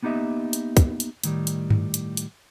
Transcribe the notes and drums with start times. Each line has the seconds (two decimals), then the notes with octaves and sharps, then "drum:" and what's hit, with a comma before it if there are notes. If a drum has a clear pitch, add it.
0.03 A#3 B3 D#4 G4 D#5 E5
0.53 drum: hi-hat
0.77 drum: kick, hi-hat
1.00 drum: hi-hat
1.24 A2 D#3 G3, drum: hi-hat
1.47 drum: hi-hat
1.70 drum: tom G2
1.94 drum: hi-hat
2.17 drum: hi-hat